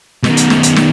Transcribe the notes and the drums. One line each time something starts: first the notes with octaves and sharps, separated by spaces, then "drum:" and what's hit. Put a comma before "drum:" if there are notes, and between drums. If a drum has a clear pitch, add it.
B2 D#3, drum: snare
drum: hi-hat
drum: snare
drum: hi-hat
drum: snare